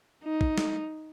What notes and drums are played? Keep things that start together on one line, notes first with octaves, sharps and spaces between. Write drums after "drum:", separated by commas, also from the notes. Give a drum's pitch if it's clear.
D#4
drum: kick
drum: snare